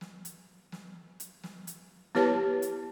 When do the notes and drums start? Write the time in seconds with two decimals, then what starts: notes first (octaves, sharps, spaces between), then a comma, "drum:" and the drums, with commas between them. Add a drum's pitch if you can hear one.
0.01 drum: snare
0.25 drum: hi-hat
0.72 drum: snare
1.20 drum: hi-hat
1.43 drum: snare
1.67 drum: hi-hat
2.15 B3 E4 G4 B4 C#5 A5, drum: snare
2.62 drum: hi-hat